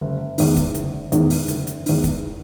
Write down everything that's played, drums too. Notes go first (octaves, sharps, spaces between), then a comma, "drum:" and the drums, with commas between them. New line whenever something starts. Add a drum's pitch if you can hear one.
F#1
E2 D#3, drum: open hi-hat
drum: kick, hi-hat
F#1, drum: hi-hat
E2 D#3, drum: hi-hat
drum: open hi-hat
F#1, drum: hi-hat
drum: hi-hat
E2 D#3, drum: open hi-hat
drum: kick, hi-hat